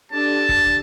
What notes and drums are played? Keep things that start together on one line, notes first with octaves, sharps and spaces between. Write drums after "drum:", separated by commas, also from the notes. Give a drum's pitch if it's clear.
D4 G4 A4 A5
drum: kick G1